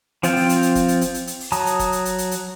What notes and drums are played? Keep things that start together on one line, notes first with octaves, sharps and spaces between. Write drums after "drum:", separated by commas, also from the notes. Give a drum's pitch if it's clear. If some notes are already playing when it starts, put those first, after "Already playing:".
F3 C4 F4 F5 G5, drum: hi-hat
drum: open hi-hat
drum: hi-hat
drum: hi-hat
drum: kick, hi-hat
drum: hi-hat
drum: hi-hat
drum: hi-hat
drum: hi-hat
drum: open hi-hat
F#3 A5 A#5 D#6, drum: hi-hat
drum: hi-hat
drum: kick, hi-hat
drum: hi-hat
drum: hi-hat
drum: hi-hat
drum: hi-hat